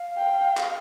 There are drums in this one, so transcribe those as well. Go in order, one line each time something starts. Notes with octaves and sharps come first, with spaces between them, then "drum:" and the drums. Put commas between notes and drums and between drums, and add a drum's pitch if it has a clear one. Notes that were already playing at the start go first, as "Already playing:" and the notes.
Already playing: F5
G5
drum: clap